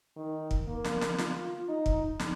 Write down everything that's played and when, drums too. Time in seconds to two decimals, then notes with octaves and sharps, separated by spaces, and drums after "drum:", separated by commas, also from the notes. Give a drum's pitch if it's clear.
0.17 D#3
0.51 drum: kick
0.68 A#3
0.84 drum: snare
1.01 drum: snare
1.18 F4, drum: snare
1.69 D#4
1.86 drum: kick
2.19 drum: snare